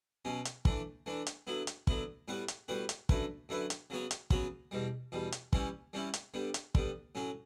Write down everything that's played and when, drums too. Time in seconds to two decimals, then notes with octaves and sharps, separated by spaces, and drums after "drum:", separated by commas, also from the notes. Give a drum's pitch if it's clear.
0.25 B2 F#3 C#4
0.45 drum: hi-hat
0.65 E3 A3 D4, drum: kick
1.06 E3 A3 D4
1.27 drum: hi-hat
1.47 D3 F#3 B3 E4
1.67 drum: hi-hat
1.87 D3 F#3 B3 E4, drum: kick
2.28 A2 G3 B3 F#4 B4
2.48 drum: hi-hat
2.68 A2 G3 B3 F#4 B4
2.89 drum: hi-hat
3.09 F#2 D3 A3 E4 B4, drum: kick
3.49 F#2 D3 A3 E4 B4
3.70 drum: hi-hat
3.90 C#3 F#3 B3 F#4 C#5
4.11 drum: hi-hat
4.30 C#3 F#3 B3 F#4 C#5, drum: kick
4.71 E2 B2 G3
5.12 E2 B2 G3
5.32 drum: hi-hat
5.53 E3 G3 C#4 E4, drum: kick
5.93 E3 G3 C#4 E4
6.14 drum: hi-hat
6.34 D3 G3 B3
6.54 drum: hi-hat
6.75 D3 G3 B3, drum: kick
7.15 A2 F#3 C#4 F#4